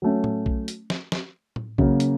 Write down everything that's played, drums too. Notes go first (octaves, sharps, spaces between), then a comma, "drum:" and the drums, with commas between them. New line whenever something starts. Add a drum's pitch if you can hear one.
F#3 A3 C#4
drum: tom A2
drum: kick A#1
drum: hi-hat
drum: snare
drum: snare
drum: tom A2
C#3 F#3 A#3, drum: kick A#1
drum: hi-hat